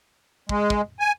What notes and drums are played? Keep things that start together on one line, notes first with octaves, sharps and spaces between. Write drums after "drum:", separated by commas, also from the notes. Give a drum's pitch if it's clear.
G#3, drum: kick
drum: kick
G#5